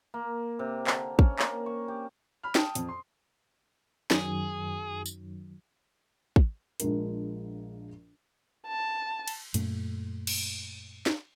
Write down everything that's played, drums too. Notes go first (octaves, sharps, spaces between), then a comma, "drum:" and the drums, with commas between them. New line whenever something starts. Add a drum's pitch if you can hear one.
A#3
C3
D3, drum: clap
C#4, drum: kick
A#3, drum: clap
C#6
G4
B5 F6
G5 A5 D#6, drum: snare
F2, drum: hi-hat
C6
F#2 D#3 F#3 G#4, drum: snare
drum: tambourine
drum: kick
A#1 F3 G#3 D4 A#4, drum: hi-hat
A5
drum: cymbal
F#2 A#2 A3, drum: hi-hat
drum: cymbal
drum: snare